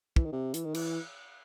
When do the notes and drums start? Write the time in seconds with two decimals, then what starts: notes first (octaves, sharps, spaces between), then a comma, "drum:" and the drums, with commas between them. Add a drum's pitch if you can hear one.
0.16 E3, drum: kick
0.25 D#3
0.32 C3
0.54 E3, drum: hi-hat
0.65 D#3
0.75 E3, drum: cymbal